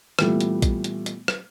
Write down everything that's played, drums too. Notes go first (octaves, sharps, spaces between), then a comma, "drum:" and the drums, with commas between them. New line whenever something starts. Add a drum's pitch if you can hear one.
A#2 E3 G3 A3 B3, drum: rim click
drum: hi-hat
drum: kick A#1, hi-hat
drum: hi-hat
drum: hi-hat
drum: rim click